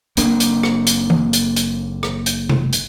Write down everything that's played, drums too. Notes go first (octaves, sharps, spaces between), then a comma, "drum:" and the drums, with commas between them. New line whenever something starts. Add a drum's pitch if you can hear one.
F#1 A#3 C4 D4, drum: hi-hat
drum: hi-hat
drum: rim click
drum: hi-hat
drum: tom E3
drum: hi-hat
drum: hi-hat
drum: rim click
drum: hi-hat
drum: tom C3
drum: hi-hat